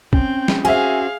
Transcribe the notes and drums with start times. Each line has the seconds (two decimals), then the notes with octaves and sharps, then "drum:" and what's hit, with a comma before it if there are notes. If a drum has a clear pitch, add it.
0.13 C4 C#4 G5, drum: kick
0.48 drum: snare
0.65 F#4 G#4 C5 E5 F5 G#5